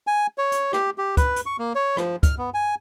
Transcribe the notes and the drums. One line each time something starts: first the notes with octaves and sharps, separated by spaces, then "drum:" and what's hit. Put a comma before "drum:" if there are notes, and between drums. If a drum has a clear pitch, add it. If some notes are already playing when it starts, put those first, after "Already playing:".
G#5
C#5
drum: hi-hat
G4, drum: rim click
G4
B4, drum: kick, hi-hat
drum: hi-hat
C#6
A#3
C#5
F3, drum: rim click
F6, drum: kick, hi-hat
B3
G#5